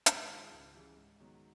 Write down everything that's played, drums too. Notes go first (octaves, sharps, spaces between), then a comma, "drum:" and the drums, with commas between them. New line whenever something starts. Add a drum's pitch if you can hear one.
G#2, drum: hi-hat
D#3 G#3 C#4 F4
C#2
C#3 E3 G3
G#2
D#3 F#3 B3